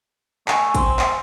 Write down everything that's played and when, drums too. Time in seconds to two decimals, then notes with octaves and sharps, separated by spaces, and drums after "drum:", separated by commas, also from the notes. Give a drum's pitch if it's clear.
0.48 A3 G#5, drum: clap
0.75 C4, drum: kick, hi-hat
0.99 drum: clap